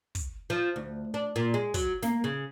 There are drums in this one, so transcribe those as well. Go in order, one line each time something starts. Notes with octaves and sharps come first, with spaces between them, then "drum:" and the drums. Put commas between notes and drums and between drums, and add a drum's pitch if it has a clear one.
drum: kick, hi-hat
F3
D2
D4
A#2
G#3
F#3, drum: kick, hi-hat
A#3, drum: snare
C#3